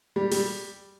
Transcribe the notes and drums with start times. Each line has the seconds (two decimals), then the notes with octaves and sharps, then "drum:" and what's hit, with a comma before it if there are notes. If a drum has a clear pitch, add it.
0.16 G3
0.31 G3, drum: open hi-hat